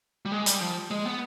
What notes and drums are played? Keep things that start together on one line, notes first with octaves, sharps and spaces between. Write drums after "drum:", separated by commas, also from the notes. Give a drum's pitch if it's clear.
G3
G#3
G3, drum: hi-hat
F3
G#3
B3